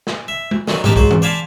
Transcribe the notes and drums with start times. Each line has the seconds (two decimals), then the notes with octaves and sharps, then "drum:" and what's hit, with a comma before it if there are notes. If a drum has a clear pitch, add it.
0.07 drum: snare
0.28 E5
0.51 drum: tom G#3
0.68 D3 D#3 F#3, drum: snare
0.84 C3 B3 D#4 G4 A#4 A5, drum: tom G#2
0.96 G#2 F#3 C5, drum: kick
1.11 drum: tom E3
1.22 C5 D5 F5 G#5 A5 B5